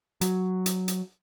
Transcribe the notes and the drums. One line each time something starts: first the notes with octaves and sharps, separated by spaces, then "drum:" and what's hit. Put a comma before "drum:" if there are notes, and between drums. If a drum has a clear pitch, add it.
F#3, drum: hi-hat
drum: hi-hat
drum: hi-hat